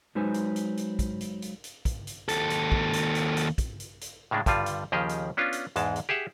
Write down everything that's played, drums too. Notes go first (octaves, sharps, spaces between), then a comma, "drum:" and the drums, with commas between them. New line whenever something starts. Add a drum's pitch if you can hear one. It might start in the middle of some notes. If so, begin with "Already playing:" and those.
F#3 G#3 D#4 B4 C5 G#5
drum: hi-hat
drum: hi-hat
drum: hi-hat
drum: kick, hi-hat
drum: hi-hat
drum: hi-hat
drum: hi-hat
drum: kick, hi-hat
drum: hi-hat
D#2 A4, drum: hi-hat
drum: hi-hat
drum: kick
drum: hi-hat
drum: hi-hat
drum: hi-hat
drum: kick, hi-hat
drum: hi-hat
drum: hi-hat
A2 C#3 G#3 D4
G2 D3 G3 F4, drum: kick, hi-hat
drum: hi-hat
D#2 C#3 F3 G4 G#4 D#5
drum: hi-hat
B3 C#4 D4 F4
drum: hi-hat
E2 G#2 G#3 A5, drum: hi-hat
drum: hi-hat
G4 G#4 E5 F#5